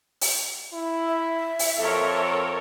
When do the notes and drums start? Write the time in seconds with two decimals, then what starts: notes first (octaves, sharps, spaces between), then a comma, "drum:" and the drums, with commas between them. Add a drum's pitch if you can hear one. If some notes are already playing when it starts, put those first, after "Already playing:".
0.21 drum: open hi-hat
0.73 E4
1.08 E5
1.59 drum: open hi-hat
1.79 F2 A4 A#4 C#5